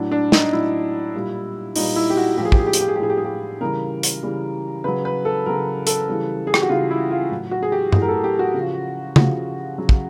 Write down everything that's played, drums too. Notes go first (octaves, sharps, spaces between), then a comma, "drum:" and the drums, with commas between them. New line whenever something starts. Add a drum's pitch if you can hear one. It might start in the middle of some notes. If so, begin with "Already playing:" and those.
Already playing: A2 F#3 D4
D4
D#4, drum: snare
A2 F#3 E4
A#2 G3
A#2 G3 D#4, drum: open hi-hat
E4
G4
F#4
A2 F3 G4
G#4
G4, drum: kick
G#4
G4
G#4, drum: hi-hat
G4
G#4
G4
A2 F3 G#4
G4
G#4
G4
C#3 E3 G3 A#4
drum: hi-hat
C#3 E3 G3
C#3 F#3 B4
B4
A4
C#3 F#3 A#4
A4, drum: hi-hat
C#3 E3 G3
G#4
G4, drum: rim click
F#4
C#3 E3 G3 F4
E4
F4
A2 F#3
F#4
G#4
G4
A2 F#3 G#4, drum: tom G2
A#4
A4
G4
F#4
C#3
F3
C#3 F3 F#4, drum: tom C#3
C#3 F#3
drum: kick